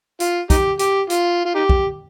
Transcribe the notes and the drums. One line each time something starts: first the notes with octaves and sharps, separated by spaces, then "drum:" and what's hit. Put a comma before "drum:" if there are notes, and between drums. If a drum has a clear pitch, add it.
F4, drum: hi-hat
D#4 G4, drum: kick, hi-hat
G4, drum: hi-hat
F4, drum: hi-hat
F4
D#4 G4
drum: kick